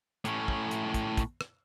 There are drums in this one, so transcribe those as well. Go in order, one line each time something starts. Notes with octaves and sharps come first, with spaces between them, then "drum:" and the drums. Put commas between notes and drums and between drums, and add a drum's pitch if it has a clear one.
A2 C#4, drum: hi-hat
drum: kick
drum: hi-hat
drum: kick, hi-hat
drum: kick, hi-hat
drum: rim click